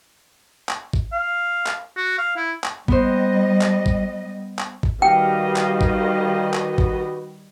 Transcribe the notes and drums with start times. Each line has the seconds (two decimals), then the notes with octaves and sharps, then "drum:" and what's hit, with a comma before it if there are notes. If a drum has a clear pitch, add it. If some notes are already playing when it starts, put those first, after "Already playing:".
0.69 drum: clap
0.93 drum: kick G#1
1.13 F5
1.67 drum: clap
1.97 F#4
2.18 F5
2.36 E4
2.64 drum: clap
2.88 G3 B3 C5 D#5, drum: kick G#1
3.61 drum: clap
3.86 drum: kick G#1
4.59 drum: clap
4.83 drum: kick G#1
5.02 D#3 G3 F#4 G4 B4 D#5 F5 G5
5.56 drum: clap
5.81 drum: kick G#1
6.54 drum: clap
6.78 drum: kick G#1